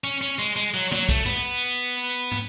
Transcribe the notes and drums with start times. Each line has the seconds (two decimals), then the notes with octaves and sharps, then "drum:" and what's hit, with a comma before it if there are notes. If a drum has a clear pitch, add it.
0.04 C#4
0.21 C#4
0.39 G#3
0.56 G#3
0.74 F#3
0.92 F#3, drum: tom
1.09 A3, drum: kick
1.26 B3, drum: tom
2.32 drum: tom